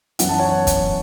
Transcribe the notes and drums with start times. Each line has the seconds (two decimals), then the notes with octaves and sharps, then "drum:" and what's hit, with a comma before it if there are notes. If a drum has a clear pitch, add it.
0.19 F#2 E3 B3 E4 F#5, drum: hi-hat
0.29 A5
0.39 C#5 F#5
0.67 drum: kick, hi-hat